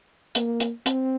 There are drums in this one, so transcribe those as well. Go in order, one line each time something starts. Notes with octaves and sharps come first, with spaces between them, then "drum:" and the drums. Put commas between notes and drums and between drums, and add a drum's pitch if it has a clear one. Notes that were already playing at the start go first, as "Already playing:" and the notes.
A#3, drum: hi-hat
drum: hi-hat
C4, drum: hi-hat